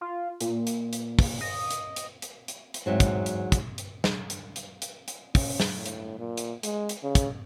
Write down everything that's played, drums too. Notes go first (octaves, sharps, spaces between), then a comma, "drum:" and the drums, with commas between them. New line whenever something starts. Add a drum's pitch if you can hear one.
F4
A#2, drum: hi-hat
drum: hi-hat
drum: hi-hat
drum: kick, open hi-hat
D#5
drum: hi-hat
drum: hi-hat
drum: hi-hat
drum: hi-hat
drum: hi-hat
E2 G#2 F#3 C4
drum: kick, hi-hat
drum: hi-hat
drum: kick, hi-hat
drum: hi-hat
drum: snare
drum: hi-hat
drum: hi-hat
drum: hi-hat
drum: hi-hat
C#4, drum: kick, open hi-hat
drum: snare
A2
drum: hi-hat
A#2
drum: hi-hat
G#3, drum: hi-hat
drum: hi-hat
C#3
drum: kick, hi-hat